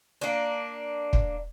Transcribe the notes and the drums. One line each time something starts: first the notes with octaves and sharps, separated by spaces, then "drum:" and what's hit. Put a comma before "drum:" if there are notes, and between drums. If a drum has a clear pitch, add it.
A#3 D4
drum: kick